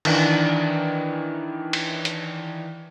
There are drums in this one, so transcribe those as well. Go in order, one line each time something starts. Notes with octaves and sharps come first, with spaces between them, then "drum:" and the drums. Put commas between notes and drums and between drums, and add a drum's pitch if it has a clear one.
D#3 E3 D4, drum: cymbal
drum: cymbal
drum: hi-hat